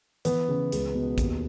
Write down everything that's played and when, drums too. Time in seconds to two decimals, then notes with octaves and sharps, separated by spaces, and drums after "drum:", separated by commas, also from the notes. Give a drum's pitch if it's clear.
0.25 E3 B3, drum: hi-hat
0.48 C#3
0.72 C#2, drum: hi-hat
0.95 B2
1.18 D#2, drum: kick, hi-hat